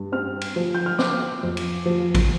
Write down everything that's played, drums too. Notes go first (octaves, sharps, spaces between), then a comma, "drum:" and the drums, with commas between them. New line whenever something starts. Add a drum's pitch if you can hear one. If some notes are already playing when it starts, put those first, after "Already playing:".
Already playing: G2
C4 F6
drum: cymbal
F3
G6
F6
C4 D6, drum: snare
F2
drum: cymbal
F3
drum: kick G#1, cymbal